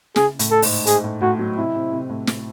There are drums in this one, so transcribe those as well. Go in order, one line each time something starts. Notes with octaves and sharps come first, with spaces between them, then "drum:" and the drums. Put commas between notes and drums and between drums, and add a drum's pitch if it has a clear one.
C#3 G#4, drum: snare
A2, drum: hi-hat
A4
G#2, drum: open hi-hat
G#2 G#4, drum: hi-hat
A2
A2 F#4
F#3
C3 E4
C3
C3
A2
drum: snare